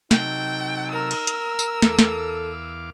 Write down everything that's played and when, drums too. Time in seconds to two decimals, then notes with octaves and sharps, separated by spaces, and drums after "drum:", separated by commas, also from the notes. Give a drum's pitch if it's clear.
0.11 C3 F#3 D#4 A4 G5, drum: snare
0.92 A#4 E6
1.11 drum: cymbal
1.27 drum: hi-hat
1.59 drum: tambourine
1.82 E2 A4 F5 D6, drum: snare
1.99 drum: snare